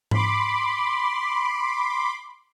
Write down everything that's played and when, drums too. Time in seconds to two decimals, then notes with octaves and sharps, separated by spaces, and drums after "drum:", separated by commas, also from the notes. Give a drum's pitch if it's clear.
0.11 B5 C6 D6, drum: tom G#2